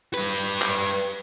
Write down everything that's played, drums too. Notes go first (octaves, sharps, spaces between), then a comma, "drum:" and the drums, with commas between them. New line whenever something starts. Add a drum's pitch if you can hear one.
G3 B4, drum: hi-hat
drum: hi-hat
drum: clap
drum: open hi-hat